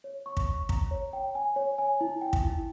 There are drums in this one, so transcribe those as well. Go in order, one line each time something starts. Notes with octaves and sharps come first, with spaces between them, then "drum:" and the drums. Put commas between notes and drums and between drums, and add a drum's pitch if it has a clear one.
C#5
C#6
drum: kick
C#6
A#5, drum: kick
C#5
G5
G#5
C#5
G#5
E4
G5
drum: kick
E4